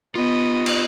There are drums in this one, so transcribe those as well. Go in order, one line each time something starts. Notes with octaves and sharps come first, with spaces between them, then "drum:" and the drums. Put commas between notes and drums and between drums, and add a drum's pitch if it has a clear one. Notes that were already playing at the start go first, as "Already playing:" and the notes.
B3 F4 G4 D#5
drum: cymbal